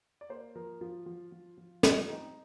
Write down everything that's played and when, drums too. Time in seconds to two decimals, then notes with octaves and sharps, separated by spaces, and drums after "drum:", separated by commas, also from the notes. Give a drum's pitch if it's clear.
0.21 D5
0.29 A#3 C5
0.55 F3 A#4
0.81 F3 F4
1.06 F3
1.32 F3
1.58 F3
1.83 G3 F4, drum: snare
2.08 C4 D#4